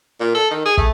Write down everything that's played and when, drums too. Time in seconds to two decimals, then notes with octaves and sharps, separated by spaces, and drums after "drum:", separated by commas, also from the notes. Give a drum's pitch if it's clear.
0.20 A#2
0.34 A4
0.51 D#3
0.65 G#4
0.77 A3, drum: kick